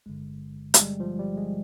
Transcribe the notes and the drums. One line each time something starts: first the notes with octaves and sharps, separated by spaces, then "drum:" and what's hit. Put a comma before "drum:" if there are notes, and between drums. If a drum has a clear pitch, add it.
G1 G2 D3 G#3
G#3, drum: hi-hat
G3
F3
G3
G#3